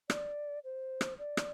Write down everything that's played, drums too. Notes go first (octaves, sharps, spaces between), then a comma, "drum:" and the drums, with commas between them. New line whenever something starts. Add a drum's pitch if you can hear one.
D5, drum: rim click
C5
drum: rim click
D5
drum: rim click